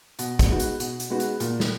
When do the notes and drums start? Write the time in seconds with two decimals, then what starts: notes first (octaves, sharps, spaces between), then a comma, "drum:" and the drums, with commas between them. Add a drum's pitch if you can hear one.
0.19 B2, drum: hi-hat
0.39 drum: kick, hi-hat
0.50 G#3 B3 D#4 F#4
0.60 drum: hi-hat
0.80 B2, drum: hi-hat
1.00 drum: hi-hat
1.10 G#3 B3 D#4 F#4
1.20 drum: hi-hat
1.40 A#2, drum: hi-hat
1.60 drum: snare